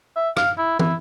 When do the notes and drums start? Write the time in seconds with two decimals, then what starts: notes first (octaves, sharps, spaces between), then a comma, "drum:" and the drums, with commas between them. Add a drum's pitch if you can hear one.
0.16 E5
0.37 F5, drum: rim click
0.58 E4
0.79 E4, drum: tom